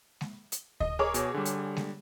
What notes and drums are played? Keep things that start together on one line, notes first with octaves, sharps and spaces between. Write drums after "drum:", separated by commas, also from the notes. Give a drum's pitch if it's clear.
drum: snare G#3
drum: hi-hat
D#5, drum: kick D2
G#4 A#4 C#5 D6
B2, drum: hi-hat
D3 G3
drum: hi-hat
drum: snare G#3